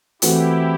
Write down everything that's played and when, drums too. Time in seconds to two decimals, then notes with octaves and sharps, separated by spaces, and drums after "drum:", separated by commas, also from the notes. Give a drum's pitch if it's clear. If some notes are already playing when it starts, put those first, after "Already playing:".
0.22 E3 A3 C4 E4 F#4 G4 B4, drum: hi-hat